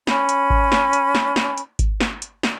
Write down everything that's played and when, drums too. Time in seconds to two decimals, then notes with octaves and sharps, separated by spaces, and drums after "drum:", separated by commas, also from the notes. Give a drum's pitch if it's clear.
0.07 C#4 B5, drum: snare
0.29 drum: hi-hat
0.50 drum: kick G#1
0.72 drum: snare
0.93 drum: hi-hat
1.15 drum: snare
1.36 drum: snare
1.58 drum: hi-hat
1.79 drum: kick G#1, hi-hat
2.00 drum: snare
2.22 drum: hi-hat
2.43 drum: snare